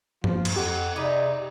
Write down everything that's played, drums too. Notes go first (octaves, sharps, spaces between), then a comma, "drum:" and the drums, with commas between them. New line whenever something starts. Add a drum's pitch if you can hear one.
F3 F4, drum: tom G2
drum: cymbal
F2 G4 F#5
C3 D#4 G#4 B4 D5